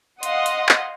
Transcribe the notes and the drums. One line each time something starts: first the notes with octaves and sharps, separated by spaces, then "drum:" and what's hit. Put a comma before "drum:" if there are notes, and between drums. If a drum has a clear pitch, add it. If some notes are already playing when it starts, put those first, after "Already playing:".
D#5 F5 F#5 C6 D#6, drum: hi-hat
drum: hi-hat
drum: clap